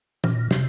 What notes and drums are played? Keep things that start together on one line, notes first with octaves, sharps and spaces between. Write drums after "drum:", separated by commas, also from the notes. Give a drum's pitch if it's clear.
A#2, drum: tom E3
C3, drum: snare